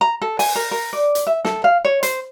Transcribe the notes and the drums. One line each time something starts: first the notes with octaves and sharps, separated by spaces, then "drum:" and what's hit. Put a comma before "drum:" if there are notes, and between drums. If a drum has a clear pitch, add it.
A#5
A4
G#5, drum: open hi-hat
A#4
A#4
D5
drum: hi-hat
E5
A4, drum: snare
F5
C#5
C5, drum: hi-hat